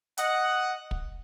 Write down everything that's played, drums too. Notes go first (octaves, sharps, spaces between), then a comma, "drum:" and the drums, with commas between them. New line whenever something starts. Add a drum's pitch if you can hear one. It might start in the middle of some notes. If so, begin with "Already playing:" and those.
D#5 F#5, drum: hi-hat
drum: kick